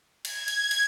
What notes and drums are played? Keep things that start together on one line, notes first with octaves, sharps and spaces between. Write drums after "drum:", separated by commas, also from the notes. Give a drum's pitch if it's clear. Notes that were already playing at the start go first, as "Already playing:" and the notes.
G#6, drum: cymbal
drum: cymbal
drum: cymbal